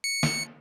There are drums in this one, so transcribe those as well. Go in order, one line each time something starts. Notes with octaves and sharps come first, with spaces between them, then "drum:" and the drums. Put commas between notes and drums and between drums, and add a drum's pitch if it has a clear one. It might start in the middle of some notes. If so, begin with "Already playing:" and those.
C#7
drum: snare